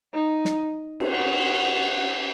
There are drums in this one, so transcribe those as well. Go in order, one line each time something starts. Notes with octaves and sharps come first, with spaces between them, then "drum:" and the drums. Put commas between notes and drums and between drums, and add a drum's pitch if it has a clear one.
D#4
drum: snare
drum: cymbal
F#4